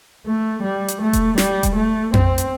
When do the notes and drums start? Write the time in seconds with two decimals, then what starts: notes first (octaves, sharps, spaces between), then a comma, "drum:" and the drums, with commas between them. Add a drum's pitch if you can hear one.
0.26 A3
0.63 G3
0.88 drum: hi-hat
1.01 A3
1.13 drum: kick E1, hi-hat
1.38 G3, drum: snare
1.63 drum: kick E1, hi-hat
1.75 A3
2.14 C4, drum: tom F2
2.38 drum: hi-hat